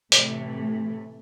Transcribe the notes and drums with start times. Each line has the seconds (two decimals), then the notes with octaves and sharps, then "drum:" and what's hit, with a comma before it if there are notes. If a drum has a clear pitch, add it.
0.12 A2 C3 E3 A3, drum: hi-hat